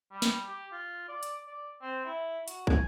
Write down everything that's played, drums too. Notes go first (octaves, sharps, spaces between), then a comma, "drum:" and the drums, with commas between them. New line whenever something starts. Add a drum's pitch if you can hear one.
G3
drum: snare
G4
F4
D5
drum: hi-hat
D5
C4
E4
F#4, drum: hi-hat
G#5, drum: kick